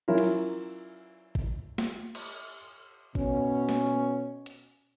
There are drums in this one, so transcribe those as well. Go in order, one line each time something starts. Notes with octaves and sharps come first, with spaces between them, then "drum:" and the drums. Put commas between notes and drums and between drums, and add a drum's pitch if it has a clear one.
F#3 C#4 E4 F4 A#4
drum: cymbal
drum: kick
drum: snare
drum: cymbal
B2 C#4, drum: kick
drum: snare
drum: hi-hat